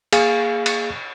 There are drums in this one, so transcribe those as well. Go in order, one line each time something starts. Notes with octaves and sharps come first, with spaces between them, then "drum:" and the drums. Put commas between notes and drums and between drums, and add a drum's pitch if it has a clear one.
A#3 G#4 F5, drum: cymbal
drum: cymbal